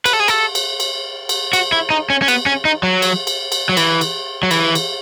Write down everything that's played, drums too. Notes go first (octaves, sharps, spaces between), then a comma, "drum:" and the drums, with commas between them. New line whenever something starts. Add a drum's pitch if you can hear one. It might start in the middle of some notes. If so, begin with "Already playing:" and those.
B4, drum: cymbal
A4
G#4
A4, drum: cymbal
drum: cymbal
drum: cymbal
drum: cymbal
F#4, drum: cymbal
E4
D#4
C#4
C#4
B3, drum: cymbal
C#4
D#4
F#3
drum: cymbal
drum: cymbal
drum: cymbal
F#3
E3, drum: cymbal
drum: cymbal
F#3
E3, drum: cymbal
drum: cymbal